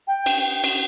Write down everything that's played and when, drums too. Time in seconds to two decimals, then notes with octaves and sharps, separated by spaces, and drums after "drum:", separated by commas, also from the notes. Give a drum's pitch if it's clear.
0.07 G5
0.26 drum: cymbal
0.64 drum: cymbal